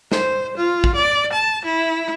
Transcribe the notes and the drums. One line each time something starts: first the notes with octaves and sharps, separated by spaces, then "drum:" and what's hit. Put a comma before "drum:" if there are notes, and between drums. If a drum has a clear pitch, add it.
C5, drum: snare
F4
drum: kick
D5
A5
E4